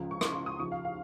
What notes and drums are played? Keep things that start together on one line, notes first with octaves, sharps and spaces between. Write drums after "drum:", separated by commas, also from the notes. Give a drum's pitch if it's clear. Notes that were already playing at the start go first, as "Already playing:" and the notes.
Already playing: C#2 C#3 F3
C#6
C6, drum: rim click
C#6
D#6
D#2 C#3 F3 C#6
F5
F5